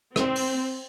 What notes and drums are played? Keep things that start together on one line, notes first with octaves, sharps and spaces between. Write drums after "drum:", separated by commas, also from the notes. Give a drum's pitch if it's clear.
C4, drum: rim click
drum: open hi-hat